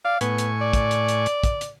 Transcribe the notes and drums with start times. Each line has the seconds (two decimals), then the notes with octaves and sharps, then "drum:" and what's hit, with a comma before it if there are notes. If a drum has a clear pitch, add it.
0.05 D5 F5
0.21 A2 B3 G#5 C#6, drum: hi-hat
0.38 drum: hi-hat
0.61 D5
0.73 drum: kick, hi-hat
0.91 drum: hi-hat
1.08 drum: hi-hat
1.26 drum: hi-hat
1.44 drum: kick, hi-hat
1.61 drum: hi-hat